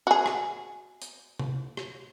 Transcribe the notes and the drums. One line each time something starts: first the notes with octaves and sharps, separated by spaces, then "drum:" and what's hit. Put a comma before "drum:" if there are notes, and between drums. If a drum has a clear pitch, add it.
F#4 G#4
drum: rim click
drum: hi-hat
drum: tom C3
drum: rim click